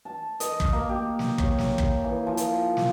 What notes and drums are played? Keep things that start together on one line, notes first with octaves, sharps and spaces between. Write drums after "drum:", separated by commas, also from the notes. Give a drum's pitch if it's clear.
A5
D#5, drum: hi-hat
drum: kick
A#3
G4
drum: snare
C#5, drum: kick
drum: snare
drum: kick
E3
F3
drum: hi-hat
drum: snare